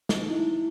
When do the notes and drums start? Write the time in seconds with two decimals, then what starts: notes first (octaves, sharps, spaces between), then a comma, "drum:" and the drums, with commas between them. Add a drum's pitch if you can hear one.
0.09 drum: snare
0.22 D#4
0.30 E4